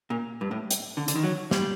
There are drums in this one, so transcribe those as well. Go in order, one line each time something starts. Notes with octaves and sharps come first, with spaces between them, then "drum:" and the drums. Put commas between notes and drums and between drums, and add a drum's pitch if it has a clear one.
A#2
G2
A2
drum: hi-hat
D3
D3, drum: hi-hat
D#3
F#3
G3, drum: snare